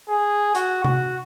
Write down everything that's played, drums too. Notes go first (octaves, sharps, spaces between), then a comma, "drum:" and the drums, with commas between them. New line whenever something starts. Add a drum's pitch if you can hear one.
G#4
F#4, drum: hi-hat
F#4, drum: tom C3